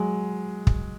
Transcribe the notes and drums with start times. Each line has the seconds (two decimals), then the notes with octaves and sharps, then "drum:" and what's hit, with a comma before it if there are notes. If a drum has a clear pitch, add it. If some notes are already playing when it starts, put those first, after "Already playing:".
Already playing: F#3 G#3
0.67 drum: kick